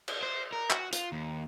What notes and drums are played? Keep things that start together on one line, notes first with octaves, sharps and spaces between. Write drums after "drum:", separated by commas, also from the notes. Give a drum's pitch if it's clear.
drum: cymbal
C5
A#4
F#4, drum: clap
F4, drum: hi-hat
D#2